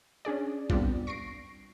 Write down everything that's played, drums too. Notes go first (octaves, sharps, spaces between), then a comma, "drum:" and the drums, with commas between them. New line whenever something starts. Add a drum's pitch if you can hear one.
C#4 D4 G#4 D5
G3 B3 C4 D4 F4, drum: kick A1
C#6 A#6 C7 D7